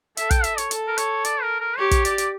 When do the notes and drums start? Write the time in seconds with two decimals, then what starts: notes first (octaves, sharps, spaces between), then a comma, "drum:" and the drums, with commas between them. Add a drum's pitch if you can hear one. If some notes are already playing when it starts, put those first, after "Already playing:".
0.17 A4 E5, drum: hi-hat
0.31 G5, drum: kick, hi-hat
0.44 E5, drum: hi-hat
0.58 C#5, drum: hi-hat
0.71 A4, drum: hi-hat
0.87 A#4
0.98 C#5, drum: hi-hat
1.25 D5, drum: hi-hat
1.42 A#4
1.60 A#4
1.78 G4 C#5
1.91 drum: kick, hi-hat
2.05 D5, drum: hi-hat
2.18 drum: hi-hat